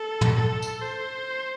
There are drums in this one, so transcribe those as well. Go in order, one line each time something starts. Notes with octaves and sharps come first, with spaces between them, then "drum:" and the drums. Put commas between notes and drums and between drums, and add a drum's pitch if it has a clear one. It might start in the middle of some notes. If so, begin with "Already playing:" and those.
Already playing: A4
drum: tom
A4
drum: tambourine
C5